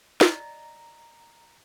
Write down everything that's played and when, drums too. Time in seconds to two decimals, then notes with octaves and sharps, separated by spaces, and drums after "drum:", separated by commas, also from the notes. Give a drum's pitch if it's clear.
0.21 D5 D#5 A#5, drum: snare